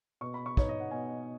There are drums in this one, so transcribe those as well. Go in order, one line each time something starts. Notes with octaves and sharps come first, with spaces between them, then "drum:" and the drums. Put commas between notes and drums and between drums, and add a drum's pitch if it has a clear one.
B2 C#6
B5
C#6
B3 D#4 C#5, drum: kick
D#5
F#5
B2 G#5